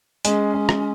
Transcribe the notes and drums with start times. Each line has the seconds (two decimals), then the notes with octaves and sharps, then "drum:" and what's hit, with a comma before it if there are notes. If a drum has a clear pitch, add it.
0.25 G#3 C#4, drum: hi-hat
0.54 G#3
0.69 drum: rim click